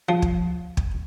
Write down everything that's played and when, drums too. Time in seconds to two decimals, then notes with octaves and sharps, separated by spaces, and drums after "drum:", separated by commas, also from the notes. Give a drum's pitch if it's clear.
0.09 F3
0.22 drum: kick
0.77 drum: kick